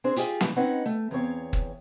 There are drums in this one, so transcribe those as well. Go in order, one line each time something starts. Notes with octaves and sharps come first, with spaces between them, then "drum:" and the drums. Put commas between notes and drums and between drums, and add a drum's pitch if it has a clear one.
C4 D4 G#4 C5
F4 G4 G#4 D#5 F5, drum: hi-hat
A#2 E3, drum: snare
C4 C#4 D#4 B4 F#5
A3
E2 C4 C#5 F5
drum: kick